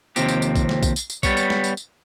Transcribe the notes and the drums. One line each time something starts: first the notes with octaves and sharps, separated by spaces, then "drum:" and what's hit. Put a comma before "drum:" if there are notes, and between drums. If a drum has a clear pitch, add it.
D#2 C3 F3 C4 G4, drum: tambourine
drum: tambourine
drum: tambourine
drum: kick B1, tambourine
drum: snare
drum: kick B1, tambourine
drum: tambourine
drum: tambourine
G3 B3 C#5, drum: kick B1, tambourine
drum: tambourine
drum: snare
drum: tambourine
drum: tambourine